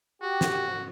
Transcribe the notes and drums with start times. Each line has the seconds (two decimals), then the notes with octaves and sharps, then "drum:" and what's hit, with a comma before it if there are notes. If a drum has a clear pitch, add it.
0.22 F#4 G4
0.41 drum: snare